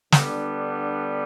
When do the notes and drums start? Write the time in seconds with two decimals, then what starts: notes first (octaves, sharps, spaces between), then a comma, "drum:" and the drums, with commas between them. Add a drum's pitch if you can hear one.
0.12 D3 G3 B3 D4, drum: snare